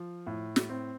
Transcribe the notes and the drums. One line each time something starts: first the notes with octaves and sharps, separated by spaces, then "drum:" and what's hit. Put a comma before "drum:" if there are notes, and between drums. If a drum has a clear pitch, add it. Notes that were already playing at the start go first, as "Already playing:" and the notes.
Already playing: F3
A2
drum: snare
C4